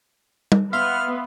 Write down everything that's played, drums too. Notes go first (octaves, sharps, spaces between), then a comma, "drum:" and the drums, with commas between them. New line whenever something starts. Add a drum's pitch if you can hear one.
drum: tom G3
B3 E5 F5 C6 F6